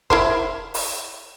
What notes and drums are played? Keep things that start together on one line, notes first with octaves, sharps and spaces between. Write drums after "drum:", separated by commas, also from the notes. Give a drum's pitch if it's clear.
E4 A#4 C5, drum: kick
drum: open hi-hat